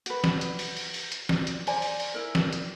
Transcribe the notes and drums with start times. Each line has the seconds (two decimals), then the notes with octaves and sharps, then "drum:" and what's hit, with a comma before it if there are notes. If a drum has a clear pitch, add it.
0.06 F#4 B4, drum: hi-hat
0.24 drum: snare
0.41 drum: hi-hat
0.59 drum: open hi-hat
0.76 drum: open hi-hat
0.94 drum: open hi-hat
1.12 drum: hi-hat
1.29 drum: snare
1.47 drum: hi-hat
1.67 C5 D5 G#5 A#5, drum: open hi-hat
1.82 drum: open hi-hat
2.00 drum: open hi-hat
2.14 E4 A#4
2.35 drum: snare
2.52 drum: hi-hat